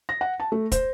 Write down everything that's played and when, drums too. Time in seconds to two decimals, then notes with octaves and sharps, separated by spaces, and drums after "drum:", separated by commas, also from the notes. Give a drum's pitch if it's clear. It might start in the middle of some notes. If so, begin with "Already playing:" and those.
0.09 A#6
0.21 F#5
0.40 A5
0.52 A3
0.72 C5, drum: kick, hi-hat